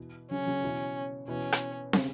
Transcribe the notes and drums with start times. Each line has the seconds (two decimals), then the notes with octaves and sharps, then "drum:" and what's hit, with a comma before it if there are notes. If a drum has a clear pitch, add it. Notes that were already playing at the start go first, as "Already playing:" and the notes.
Already playing: B2 E3
0.31 C#3 F#3 C#4
0.46 C#3 F#3
0.63 B2 E3
1.28 B2 E3 C#4
1.52 drum: rim click
1.93 C#3, drum: snare